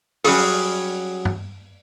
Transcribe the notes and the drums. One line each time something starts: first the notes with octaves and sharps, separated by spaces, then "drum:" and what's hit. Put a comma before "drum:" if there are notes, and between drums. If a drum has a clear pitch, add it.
F#3 G3 C#4 G#4 A4, drum: open hi-hat
drum: tom G2